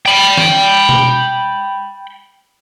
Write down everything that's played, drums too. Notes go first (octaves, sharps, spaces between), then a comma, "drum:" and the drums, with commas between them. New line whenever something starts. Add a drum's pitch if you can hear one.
G5 B5
drum: snare
drum: tom B2